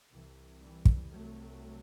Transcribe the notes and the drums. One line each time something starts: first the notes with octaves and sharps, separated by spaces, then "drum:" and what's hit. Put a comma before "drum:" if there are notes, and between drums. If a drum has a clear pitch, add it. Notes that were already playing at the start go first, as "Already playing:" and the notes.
C2 C3 E3
E3 G3
drum: kick
C2 C3 F#3 A3